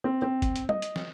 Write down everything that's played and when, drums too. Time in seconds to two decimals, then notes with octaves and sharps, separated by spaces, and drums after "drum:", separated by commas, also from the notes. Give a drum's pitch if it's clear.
0.04 C4
0.22 C4
0.42 drum: kick, hi-hat
0.56 drum: hi-hat
0.69 D#5, drum: tom
0.82 drum: hi-hat
0.96 drum: snare